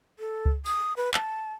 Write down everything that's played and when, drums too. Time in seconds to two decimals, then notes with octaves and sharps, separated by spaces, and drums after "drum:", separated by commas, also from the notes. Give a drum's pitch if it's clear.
0.19 A4
0.45 drum: kick C#2
0.66 D#6, drum: tambourine
0.97 B4
1.14 A5, drum: clap